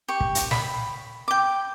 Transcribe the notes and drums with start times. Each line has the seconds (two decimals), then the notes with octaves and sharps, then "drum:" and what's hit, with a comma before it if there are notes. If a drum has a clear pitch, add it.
0.08 G4 C#6
0.20 drum: kick
0.35 drum: hi-hat
0.51 B5, drum: snare
1.28 G5 D6